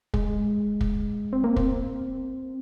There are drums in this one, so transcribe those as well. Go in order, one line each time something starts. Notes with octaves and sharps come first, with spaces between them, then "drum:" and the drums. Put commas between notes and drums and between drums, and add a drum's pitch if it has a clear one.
G#3, drum: kick
drum: kick
C4
A#3
C4, drum: kick